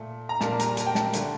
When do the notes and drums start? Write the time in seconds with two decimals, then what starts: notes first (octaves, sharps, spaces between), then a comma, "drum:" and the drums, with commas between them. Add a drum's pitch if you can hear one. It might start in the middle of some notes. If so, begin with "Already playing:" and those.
Already playing: A#2 A3
0.29 A#5
0.41 A#2 G3 A#3 A5, drum: snare
0.59 A#5, drum: hi-hat
0.77 A5, drum: hi-hat
0.86 G5
0.95 A5, drum: snare
1.13 D3 A3, drum: hi-hat